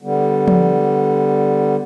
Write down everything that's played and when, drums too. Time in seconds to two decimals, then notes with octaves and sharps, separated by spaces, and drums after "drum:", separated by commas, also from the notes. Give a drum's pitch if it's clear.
0.02 D3 G3 B3
0.48 drum: tom F3